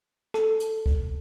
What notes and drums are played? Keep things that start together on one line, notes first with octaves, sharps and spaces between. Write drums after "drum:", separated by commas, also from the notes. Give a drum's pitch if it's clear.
A4, drum: rim click
drum: hi-hat
drum: kick